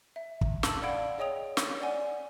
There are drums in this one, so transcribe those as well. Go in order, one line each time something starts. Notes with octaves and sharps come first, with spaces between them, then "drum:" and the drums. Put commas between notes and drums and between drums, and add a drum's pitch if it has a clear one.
E5
drum: kick
A5 E6 F#7, drum: snare
D5 F5 F#5 B5 G#6 D7
G#4 C#5 D#5 G5 D#6 F7
drum: snare
D5 F#5 G#5